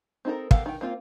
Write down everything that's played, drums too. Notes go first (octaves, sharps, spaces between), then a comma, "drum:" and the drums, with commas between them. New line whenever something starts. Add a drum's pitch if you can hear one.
C4 D#4 A4 A#4
B3 G4 A4 A#4 F5, drum: kick
D#3 G5
A#3 C4 F4